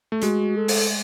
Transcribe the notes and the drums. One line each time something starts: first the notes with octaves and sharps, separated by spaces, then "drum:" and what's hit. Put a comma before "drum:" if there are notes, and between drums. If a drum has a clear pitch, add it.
A3
G#3 F#4, drum: hi-hat
A4
drum: open hi-hat